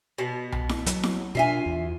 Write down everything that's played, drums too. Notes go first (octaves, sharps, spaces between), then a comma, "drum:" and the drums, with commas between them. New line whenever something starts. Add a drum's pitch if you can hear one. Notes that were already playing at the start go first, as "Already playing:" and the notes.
B2 B3
drum: tom B1
drum: snare E4
F#3, drum: hi-hat
drum: snare E4
B2 C#4 D4 F4 E5 G#5
E2